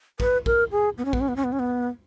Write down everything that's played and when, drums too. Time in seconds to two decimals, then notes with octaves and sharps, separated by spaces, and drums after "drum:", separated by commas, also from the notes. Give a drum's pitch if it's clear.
0.20 B4, drum: kick
0.46 A#4, drum: kick
0.71 G#4
0.98 B3
1.05 C#4
1.13 B3, drum: kick
1.21 C#4
1.28 B3
1.36 C#4
1.44 B3
1.52 C#4
1.59 B3